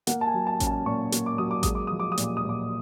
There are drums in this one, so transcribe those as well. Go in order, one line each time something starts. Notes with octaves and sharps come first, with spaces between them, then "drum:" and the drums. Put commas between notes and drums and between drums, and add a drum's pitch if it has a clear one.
A#3 F#5, drum: hi-hat
A5
G#5
F#3
A5
C#4, drum: kick A1, hi-hat
A5
A#2 C#6
A#3, drum: hi-hat
D6
F#3 D#6
D6
G#3 D#6, drum: kick A1, hi-hat
D6
F3 D#6
D6
D#6
A#2, drum: hi-hat
D6
D#6
A#2
D6